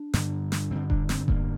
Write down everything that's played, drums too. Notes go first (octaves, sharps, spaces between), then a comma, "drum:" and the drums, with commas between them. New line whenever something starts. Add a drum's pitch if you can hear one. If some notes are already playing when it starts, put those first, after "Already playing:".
Already playing: D4
G2 D3, drum: snare
drum: snare
G2 D3 C4
D4, drum: kick E1
C4, drum: snare
G2 D3 A#3, drum: kick E1